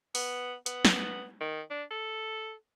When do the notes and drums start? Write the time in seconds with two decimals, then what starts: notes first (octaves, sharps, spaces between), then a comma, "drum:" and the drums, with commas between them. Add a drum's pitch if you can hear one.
0.15 B3, drum: open hi-hat
0.66 B3, drum: hi-hat
0.85 drum: snare
1.41 D#3
1.70 D4
1.91 A4